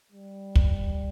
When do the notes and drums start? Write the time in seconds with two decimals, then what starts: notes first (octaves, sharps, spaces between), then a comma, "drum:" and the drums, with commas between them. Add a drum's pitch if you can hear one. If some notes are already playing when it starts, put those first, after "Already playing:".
0.12 G3
0.55 drum: kick